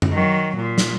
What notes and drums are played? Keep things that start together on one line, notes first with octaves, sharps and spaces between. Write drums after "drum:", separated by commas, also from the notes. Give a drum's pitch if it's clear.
drum: tom F#2
D#3 F#3
A#2
drum: snare